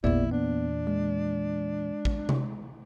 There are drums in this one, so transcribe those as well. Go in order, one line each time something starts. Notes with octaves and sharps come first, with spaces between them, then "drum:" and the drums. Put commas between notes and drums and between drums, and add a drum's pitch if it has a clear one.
A1 E2 A#2 B3 E4 D5
B3 D4
G#3
drum: kick
drum: tom C3